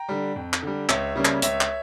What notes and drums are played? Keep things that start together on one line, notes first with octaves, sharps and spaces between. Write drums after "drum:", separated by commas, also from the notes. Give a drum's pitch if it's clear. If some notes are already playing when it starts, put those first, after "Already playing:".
Already playing: G5 A#5
D3 G3
F2
drum: clap
D3 G3
C#2 C#5 E5, drum: clap
C#3 G3 A#3 C#4
drum: clap
C#2 C#5 E5, drum: hi-hat
drum: clap